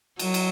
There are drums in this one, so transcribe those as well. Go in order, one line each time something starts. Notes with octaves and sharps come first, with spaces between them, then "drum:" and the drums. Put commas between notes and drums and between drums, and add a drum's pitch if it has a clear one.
F#3, drum: cymbal
drum: cymbal